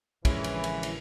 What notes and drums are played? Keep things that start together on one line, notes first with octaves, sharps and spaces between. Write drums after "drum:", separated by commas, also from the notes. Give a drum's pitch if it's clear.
A#1 D3 E3 G#3 C#4 E4, drum: kick, cymbal
drum: cymbal
drum: cymbal
drum: cymbal